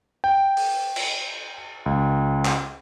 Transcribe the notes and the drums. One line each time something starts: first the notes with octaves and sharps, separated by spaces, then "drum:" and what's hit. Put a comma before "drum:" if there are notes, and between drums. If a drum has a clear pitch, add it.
G5
drum: open hi-hat
drum: cymbal
C#2
drum: clap